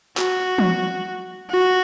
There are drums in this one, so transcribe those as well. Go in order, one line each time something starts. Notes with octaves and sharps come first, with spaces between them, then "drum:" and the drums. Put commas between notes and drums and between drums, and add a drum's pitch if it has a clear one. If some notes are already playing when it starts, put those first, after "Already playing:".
F#4, drum: clap
drum: tom
F#4